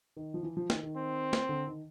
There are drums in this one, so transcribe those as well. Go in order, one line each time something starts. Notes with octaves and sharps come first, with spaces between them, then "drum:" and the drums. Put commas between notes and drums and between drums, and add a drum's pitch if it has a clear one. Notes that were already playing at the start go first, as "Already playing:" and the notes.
D#3
F3
E3
F3
D#3, drum: snare
D#3
C4
drum: snare
D3
D#3